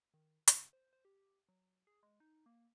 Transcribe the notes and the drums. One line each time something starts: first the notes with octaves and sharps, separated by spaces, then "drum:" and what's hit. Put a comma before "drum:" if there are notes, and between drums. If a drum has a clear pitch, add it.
D#3
C#3, drum: hi-hat
C5
C5
G4
F#3
G#4
G#3
D#4
A#3